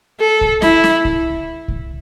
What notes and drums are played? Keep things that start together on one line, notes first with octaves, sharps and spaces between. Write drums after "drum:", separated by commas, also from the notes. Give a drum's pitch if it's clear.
A4
drum: kick C2
E4, drum: snare
drum: snare
drum: kick C2
drum: kick C2